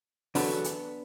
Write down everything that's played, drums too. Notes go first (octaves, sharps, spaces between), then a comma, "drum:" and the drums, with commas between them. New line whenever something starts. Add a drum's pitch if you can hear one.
E2 D3 F#3 B3 D4, drum: open hi-hat
drum: hi-hat